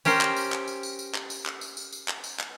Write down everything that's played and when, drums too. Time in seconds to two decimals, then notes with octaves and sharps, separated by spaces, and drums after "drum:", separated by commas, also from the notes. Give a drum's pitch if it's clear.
0.05 C#4 G4 A#4 C5, drum: tambourine
0.21 drum: clap
0.36 drum: tambourine
0.52 drum: clap
0.68 drum: tambourine
0.83 drum: tambourine
0.99 drum: tambourine
1.14 drum: clap
1.30 drum: tambourine
1.46 drum: clap
1.61 drum: tambourine
1.77 drum: tambourine
1.92 drum: tambourine
2.08 drum: clap
2.24 drum: tambourine
2.39 drum: clap